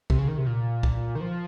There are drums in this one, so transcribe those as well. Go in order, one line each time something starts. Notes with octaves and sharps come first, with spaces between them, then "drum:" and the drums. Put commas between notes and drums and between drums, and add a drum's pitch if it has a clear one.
C3, drum: kick C2
C#3
D#3
C3
A#2
drum: kick C2
D#3
F3